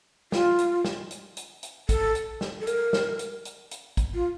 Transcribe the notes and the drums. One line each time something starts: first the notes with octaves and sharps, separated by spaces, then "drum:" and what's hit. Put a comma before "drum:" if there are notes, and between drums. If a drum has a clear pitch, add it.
F4, drum: snare
drum: hi-hat
drum: snare
drum: hi-hat
drum: hi-hat
drum: hi-hat
A4, drum: kick, hi-hat
drum: hi-hat
drum: snare
A4
A#4, drum: hi-hat
drum: snare
drum: hi-hat
drum: hi-hat
drum: hi-hat
drum: kick, hi-hat
F4